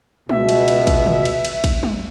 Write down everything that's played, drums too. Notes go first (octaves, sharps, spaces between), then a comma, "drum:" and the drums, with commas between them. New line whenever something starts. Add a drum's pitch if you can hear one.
C#2 B2 E5, drum: tom
drum: cymbal
drum: cymbal
drum: kick, cymbal
drum: tom
drum: cymbal
drum: cymbal
drum: kick, cymbal
drum: tom